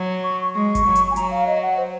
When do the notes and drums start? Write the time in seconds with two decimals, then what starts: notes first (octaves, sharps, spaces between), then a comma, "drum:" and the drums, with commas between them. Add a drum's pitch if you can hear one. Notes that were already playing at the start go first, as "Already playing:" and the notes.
Already playing: F#3
0.23 C#6
0.55 G#3 C#6
0.75 drum: kick G1, hi-hat
0.86 F#3
0.95 drum: hi-hat
1.11 G#5
1.16 F#3 A#5, drum: hi-hat
1.31 F5
1.47 D#5
1.62 F#5
1.77 C5